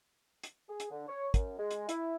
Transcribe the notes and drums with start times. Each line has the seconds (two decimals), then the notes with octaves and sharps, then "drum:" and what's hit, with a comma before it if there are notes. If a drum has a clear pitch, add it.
0.43 drum: hi-hat
0.69 G#4
0.80 drum: hi-hat
0.91 D3
1.08 C#5
1.34 F#2, drum: kick, hi-hat
1.58 G#3
1.71 drum: hi-hat
1.89 E4, drum: hi-hat